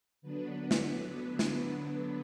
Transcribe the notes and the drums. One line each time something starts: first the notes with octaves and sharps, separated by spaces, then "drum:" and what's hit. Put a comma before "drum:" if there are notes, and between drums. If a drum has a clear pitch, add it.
D3 F#3 B3 D4 B4
drum: snare
drum: snare